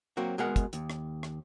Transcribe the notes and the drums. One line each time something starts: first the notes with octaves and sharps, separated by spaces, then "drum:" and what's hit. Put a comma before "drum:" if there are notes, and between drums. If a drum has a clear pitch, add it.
F#3 A#3 C4 F#4
B2 G#3 G#4 A#4 F#5
drum: kick, hi-hat
D#2, drum: hi-hat
drum: rim click
drum: rim click